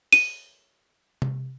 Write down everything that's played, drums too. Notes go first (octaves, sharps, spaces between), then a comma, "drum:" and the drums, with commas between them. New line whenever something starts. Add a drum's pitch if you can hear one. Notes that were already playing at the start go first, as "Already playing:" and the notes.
D#7, drum: open hi-hat
drum: tom C3